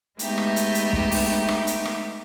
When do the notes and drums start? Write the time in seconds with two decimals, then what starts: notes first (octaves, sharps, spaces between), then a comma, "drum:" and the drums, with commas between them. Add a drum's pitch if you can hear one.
0.19 G#3 A3 B3 D#4 G4 E5, drum: hi-hat
0.38 drum: rim click
0.56 drum: hi-hat
0.75 drum: hi-hat
0.93 drum: kick
1.11 drum: open hi-hat
1.48 drum: rim click
1.67 drum: hi-hat
1.85 drum: rim click